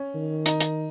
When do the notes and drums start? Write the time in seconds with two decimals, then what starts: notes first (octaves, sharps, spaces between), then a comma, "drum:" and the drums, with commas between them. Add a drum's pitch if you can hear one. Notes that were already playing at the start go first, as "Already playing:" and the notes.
Already playing: C#4
0.15 D#3
0.46 D#4, drum: hi-hat
0.60 drum: hi-hat